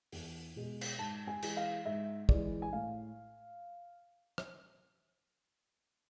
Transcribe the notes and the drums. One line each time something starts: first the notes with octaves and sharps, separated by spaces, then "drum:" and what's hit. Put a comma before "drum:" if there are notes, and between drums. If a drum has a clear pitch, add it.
E2, drum: open hi-hat
B2 G#3
drum: cymbal
G#2 A5
G#5
E3 G#3, drum: cymbal
F5
G#2 E5
E3 G#3 D5, drum: kick
G#5
A2 F5
drum: rim click